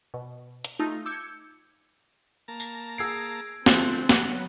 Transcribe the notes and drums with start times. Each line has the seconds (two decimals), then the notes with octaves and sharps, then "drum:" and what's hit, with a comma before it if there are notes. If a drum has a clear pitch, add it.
0.14 B2
0.64 drum: hi-hat
0.79 A3 D#4 F4
1.06 D6 E6 G6 G#6 C#7
2.48 A#3 A5 A#5
2.60 drum: tambourine
2.98 G#4 E6 G#6 C7 D7
3.66 D3 F3 G#3 A3 C4 F#4 F#6 A6, drum: snare
4.09 F#3 B3 F#5 G7, drum: snare